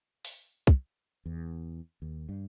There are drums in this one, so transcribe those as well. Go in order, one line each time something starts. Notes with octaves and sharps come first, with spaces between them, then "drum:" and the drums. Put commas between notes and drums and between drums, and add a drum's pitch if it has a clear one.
drum: open hi-hat
drum: kick
E2
D#2
G2